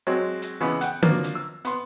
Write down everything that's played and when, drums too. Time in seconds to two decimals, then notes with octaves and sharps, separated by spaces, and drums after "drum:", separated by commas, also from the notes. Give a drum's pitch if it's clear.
0.07 F#3 G#3 C4
0.42 drum: hi-hat
0.61 C#3 E3 G#3 B3
0.81 F#5 G5, drum: hi-hat
1.03 F3 F#3 A#3 D4, drum: tom D3
1.24 drum: hi-hat
1.35 E6
1.65 B3 C6, drum: hi-hat